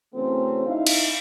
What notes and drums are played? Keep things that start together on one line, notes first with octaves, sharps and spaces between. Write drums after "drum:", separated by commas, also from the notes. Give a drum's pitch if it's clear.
C#3 E3 F#3 A3 C4 C#4
D#4 E4 F5
drum: cymbal